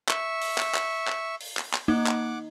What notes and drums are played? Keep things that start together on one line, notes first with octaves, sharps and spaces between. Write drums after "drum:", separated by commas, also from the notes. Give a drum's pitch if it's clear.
E5 C#6, drum: clap
drum: open hi-hat
drum: clap
drum: clap
drum: clap
drum: open hi-hat
drum: clap
drum: clap
A#3 D#4 F#5 D6
drum: clap